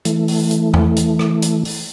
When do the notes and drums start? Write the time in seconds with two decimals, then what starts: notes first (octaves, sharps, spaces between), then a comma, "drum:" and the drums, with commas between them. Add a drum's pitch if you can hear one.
0.05 E3 A3, drum: hi-hat
0.28 drum: open hi-hat
0.51 drum: hi-hat
0.74 drum: tom E2
0.97 drum: hi-hat
1.19 drum: rim click
1.42 drum: hi-hat
1.65 drum: open hi-hat